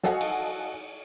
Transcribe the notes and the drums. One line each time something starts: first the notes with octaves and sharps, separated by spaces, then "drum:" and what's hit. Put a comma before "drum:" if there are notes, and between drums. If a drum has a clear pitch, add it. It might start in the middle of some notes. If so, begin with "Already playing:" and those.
F#4 A4 D#5 F5 F#5 G#5, drum: snare
drum: cymbal